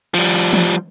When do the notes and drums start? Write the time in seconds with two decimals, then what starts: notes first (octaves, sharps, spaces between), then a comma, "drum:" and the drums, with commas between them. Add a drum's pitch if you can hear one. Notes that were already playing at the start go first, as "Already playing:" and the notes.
0.14 F3 G3
0.53 drum: tom